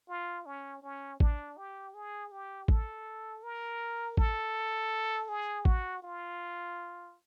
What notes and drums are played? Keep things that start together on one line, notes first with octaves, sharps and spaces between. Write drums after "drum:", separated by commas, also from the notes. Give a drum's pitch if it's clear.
F4
C#4
C#4
D4, drum: kick A1
G4
G#4
G4
A4, drum: kick A1
A#4
A4, drum: kick A1
G#4
F#4, drum: kick A1
F4